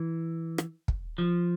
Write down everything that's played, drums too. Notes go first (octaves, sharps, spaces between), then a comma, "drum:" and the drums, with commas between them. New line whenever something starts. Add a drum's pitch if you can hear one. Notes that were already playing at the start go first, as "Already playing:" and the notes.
Already playing: E3
drum: rim click
drum: kick
F3